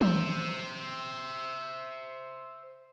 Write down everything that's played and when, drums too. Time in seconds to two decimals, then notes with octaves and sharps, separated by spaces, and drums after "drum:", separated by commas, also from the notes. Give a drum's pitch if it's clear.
0.01 C5 E5, drum: tom